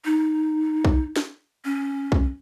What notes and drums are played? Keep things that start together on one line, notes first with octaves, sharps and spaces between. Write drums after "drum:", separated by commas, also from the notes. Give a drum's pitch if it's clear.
D#4
drum: kick B1
drum: snare
C#4
drum: kick B1